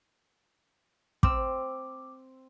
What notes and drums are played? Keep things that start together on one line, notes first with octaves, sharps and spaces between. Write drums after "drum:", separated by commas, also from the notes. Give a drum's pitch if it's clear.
C4 D6 E6, drum: kick